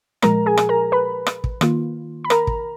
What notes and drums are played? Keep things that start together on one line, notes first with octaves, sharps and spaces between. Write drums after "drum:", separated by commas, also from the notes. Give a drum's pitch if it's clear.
A#2 F3 G#3 A#4 A#5, drum: rim click
G#4 G#5
drum: rim click
A#4 A#5
B4 B5
drum: rim click
drum: kick
D#3 A#3 F4, drum: rim click
B5
A#4 A#5, drum: rim click
drum: kick